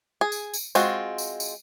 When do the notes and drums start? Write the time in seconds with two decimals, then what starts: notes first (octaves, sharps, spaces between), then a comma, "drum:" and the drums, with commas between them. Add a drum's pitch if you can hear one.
0.21 G#4
0.32 drum: tambourine
0.54 drum: tambourine
0.75 G#3 C4 F4 F#4, drum: tambourine
1.18 drum: tambourine
1.40 drum: tambourine